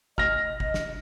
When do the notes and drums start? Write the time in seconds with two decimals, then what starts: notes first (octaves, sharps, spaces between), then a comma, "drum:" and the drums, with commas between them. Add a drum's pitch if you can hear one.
0.18 D#5 F6 A#6, drum: kick G1
0.60 drum: kick G1
0.74 drum: snare